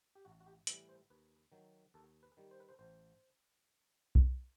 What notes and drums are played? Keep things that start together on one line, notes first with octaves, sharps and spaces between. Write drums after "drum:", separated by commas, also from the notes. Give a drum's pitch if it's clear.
G4
A1 F#4
F#4
G4
A2 E3 G3 B4, drum: hi-hat
C5
D#2 B4
D#3 F#3
D#2 A4
B4
D#3 G3
C5
B4
C5
A1 C5
drum: kick B1